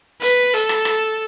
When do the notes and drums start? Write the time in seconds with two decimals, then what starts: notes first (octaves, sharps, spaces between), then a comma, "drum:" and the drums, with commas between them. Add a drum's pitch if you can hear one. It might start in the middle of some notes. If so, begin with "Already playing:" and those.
0.22 B4, drum: hi-hat
0.54 A4, drum: hi-hat
0.69 drum: rim click
0.85 drum: rim click